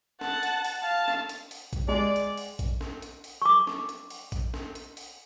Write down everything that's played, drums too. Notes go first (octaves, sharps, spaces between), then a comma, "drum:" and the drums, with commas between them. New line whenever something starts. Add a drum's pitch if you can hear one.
F#5 A5, drum: snare
drum: hi-hat
drum: open hi-hat
F5 A5
drum: snare
drum: hi-hat
drum: open hi-hat
drum: kick A#1, hi-hat
G#3 D5
drum: hi-hat
drum: open hi-hat
drum: kick A#1, hi-hat
drum: snare
drum: hi-hat
drum: open hi-hat
C#6 D6
drum: snare
drum: hi-hat
drum: open hi-hat
drum: kick A#1, hi-hat
drum: snare
drum: hi-hat
drum: open hi-hat